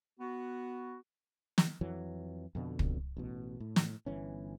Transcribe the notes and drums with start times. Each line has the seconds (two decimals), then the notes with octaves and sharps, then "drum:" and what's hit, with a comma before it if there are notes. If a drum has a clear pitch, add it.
0.20 B3 F#4
1.58 drum: snare
1.81 F2 E3 F#3
2.55 F2 B2 D3
2.79 drum: kick
3.17 A1 B2
3.60 A2
3.76 drum: snare
4.06 G1 E3 C#4